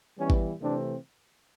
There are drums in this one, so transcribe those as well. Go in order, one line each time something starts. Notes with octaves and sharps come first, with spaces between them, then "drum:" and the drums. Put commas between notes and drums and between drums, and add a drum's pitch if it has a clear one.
E3 G3 B3 C#4
drum: kick G#1
C3 E3 A3 C4 D4